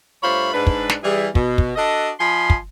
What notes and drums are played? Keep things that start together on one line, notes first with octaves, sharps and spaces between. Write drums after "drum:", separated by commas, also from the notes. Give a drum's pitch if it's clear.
G2 A3 F4 C5 C#5 B5
G#2 D4 B4
drum: kick
drum: snare
E3 G3 G#4
B2, drum: kick
drum: kick
D4 F#4 A4 D#5
F3 D#5 G#5 B5 C6
drum: kick